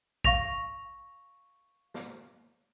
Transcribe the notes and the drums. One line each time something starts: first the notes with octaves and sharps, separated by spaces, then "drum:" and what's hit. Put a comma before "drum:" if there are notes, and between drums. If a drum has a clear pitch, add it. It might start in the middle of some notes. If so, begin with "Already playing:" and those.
F5 C#6 A#6 F7, drum: kick
drum: snare